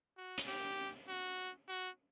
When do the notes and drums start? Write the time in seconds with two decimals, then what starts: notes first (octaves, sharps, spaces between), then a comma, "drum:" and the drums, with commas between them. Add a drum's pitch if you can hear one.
0.17 F#4
0.38 drum: hi-hat
0.47 G4
1.08 F#4
1.68 F#4